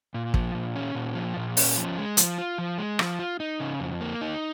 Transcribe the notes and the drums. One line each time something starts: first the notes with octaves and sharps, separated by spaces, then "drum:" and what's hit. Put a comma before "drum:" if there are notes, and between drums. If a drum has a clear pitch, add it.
A#2
F3, drum: kick
A#2
C#4
A#2
F3
A#2
C#4, drum: open hi-hat
F3
G#3
F3, drum: hi-hat
F4
F3
G#3
F3, drum: rim click
F4
D#4
C#3
F2
A#3
D#4